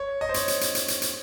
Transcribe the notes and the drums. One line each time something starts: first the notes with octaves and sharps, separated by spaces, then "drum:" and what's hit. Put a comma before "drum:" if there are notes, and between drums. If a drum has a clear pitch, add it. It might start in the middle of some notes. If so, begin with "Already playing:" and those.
Already playing: C#5
D#5
C5
C#5, drum: hi-hat
drum: hi-hat
drum: hi-hat
drum: hi-hat
drum: hi-hat
drum: hi-hat